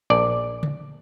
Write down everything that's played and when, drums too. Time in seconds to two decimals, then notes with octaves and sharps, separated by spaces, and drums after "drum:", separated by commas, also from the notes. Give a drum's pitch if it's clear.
0.10 A#1 D5
0.63 drum: tom C#3